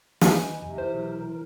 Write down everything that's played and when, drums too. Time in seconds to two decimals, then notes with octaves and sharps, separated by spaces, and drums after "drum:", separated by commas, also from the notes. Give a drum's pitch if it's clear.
0.21 D#2 E3 D#4 G#5, drum: snare
0.62 F2 C3
0.78 E3 A#4 C5
0.94 B1 F#3